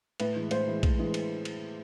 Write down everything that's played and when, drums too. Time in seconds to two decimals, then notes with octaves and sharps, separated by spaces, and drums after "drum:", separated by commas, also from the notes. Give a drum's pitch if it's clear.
0.20 A2 B4, drum: cymbal
0.36 E3 G#3
0.51 A2 C5, drum: cymbal
0.67 E3 G#3
0.83 A2, drum: kick A#1, cymbal
0.99 E3 G#3
1.14 drum: cymbal
1.45 drum: cymbal